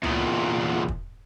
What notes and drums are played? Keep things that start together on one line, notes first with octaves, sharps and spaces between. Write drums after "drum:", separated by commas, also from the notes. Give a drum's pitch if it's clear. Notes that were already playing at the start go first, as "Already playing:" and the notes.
E2 A#2, drum: tom C#2
drum: kick